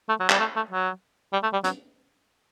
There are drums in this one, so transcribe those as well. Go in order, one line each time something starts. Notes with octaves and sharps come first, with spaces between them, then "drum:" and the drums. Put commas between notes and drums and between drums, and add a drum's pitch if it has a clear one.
A3
F#3
G3, drum: clap
A3
A3
F#3
G3
A3
G3
F#3, drum: hi-hat